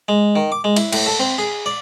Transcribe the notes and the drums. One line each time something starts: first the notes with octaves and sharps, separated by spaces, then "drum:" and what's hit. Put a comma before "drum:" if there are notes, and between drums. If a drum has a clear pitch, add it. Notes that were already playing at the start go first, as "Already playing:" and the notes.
G#3
D#3
D6
G#3
E4, drum: cymbal
A2, drum: cymbal
A4
C4
G#4
D5